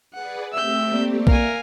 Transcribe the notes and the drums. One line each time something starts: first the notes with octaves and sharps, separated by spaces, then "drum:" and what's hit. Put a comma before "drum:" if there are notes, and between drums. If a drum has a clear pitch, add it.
G#4 B4 D5 F#5
A3 C4 G4 E5 E6 G6
A#3 D5
A#4 E5 F5 G#5, drum: kick